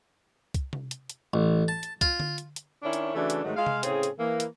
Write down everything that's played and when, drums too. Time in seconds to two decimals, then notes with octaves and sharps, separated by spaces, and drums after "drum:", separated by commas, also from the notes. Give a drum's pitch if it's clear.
0.54 drum: kick C2, hi-hat
0.73 drum: tom C3
0.91 drum: hi-hat
1.10 drum: hi-hat
1.34 A1
1.68 A5
1.83 drum: hi-hat
2.01 F4, drum: kick C2, hi-hat
2.20 drum: tom D3
2.38 drum: hi-hat
2.56 drum: hi-hat
2.82 D#3 C#4 D4 E4 C#5
2.93 drum: hi-hat
3.15 C#3 E3 A3 D4 F#4
3.30 drum: hi-hat
3.44 G#2 D#3 F#3 G#3 A3
3.56 G#3 F5
3.66 drum: tom C3
3.83 A2 C#3 C4 G#4, drum: hi-hat
4.03 drum: hi-hat
4.18 E3 A#3
4.40 drum: hi-hat